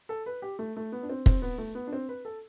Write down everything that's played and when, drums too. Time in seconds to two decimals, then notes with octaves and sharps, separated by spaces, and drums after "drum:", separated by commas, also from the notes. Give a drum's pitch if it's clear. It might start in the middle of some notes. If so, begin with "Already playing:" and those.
0.09 A4
0.26 B4
0.42 G4
0.59 A3
0.77 A3
0.92 B3
1.03 D4
1.09 C4
1.26 C4, drum: kick
1.42 B3
1.58 A3
1.75 B3
1.87 D4
1.93 C4
2.09 B4
2.25 A4